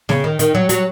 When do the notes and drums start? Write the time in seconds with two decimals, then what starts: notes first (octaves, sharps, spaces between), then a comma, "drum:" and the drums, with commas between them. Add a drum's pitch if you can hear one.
0.09 C#3, drum: snare
0.24 D#3
0.39 D#3, drum: hi-hat
0.55 F#3
0.69 F#3, drum: hi-hat